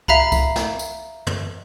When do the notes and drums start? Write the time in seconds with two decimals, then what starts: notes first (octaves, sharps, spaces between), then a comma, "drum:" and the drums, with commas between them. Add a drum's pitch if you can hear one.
0.08 E5 F5 A#5 B5, drum: kick C2
0.32 drum: kick C2, tambourine
0.56 drum: snare
0.79 drum: tambourine
1.27 drum: tom